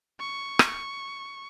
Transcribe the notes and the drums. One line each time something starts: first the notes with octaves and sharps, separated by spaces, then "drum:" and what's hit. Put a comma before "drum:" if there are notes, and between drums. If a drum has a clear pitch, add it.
C#6
drum: rim click